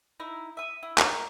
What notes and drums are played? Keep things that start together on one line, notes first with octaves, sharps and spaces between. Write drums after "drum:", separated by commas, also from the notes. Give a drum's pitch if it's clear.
D#4 E4
E5 D#6
E4
D#4 A#4, drum: clap